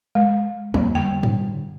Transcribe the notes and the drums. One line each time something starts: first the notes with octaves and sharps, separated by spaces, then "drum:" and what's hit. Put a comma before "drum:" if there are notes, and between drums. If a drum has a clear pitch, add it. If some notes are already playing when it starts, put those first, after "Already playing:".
G#3
F2 F#3 A#3, drum: tom F3
D3 G3 G5
drum: tom G2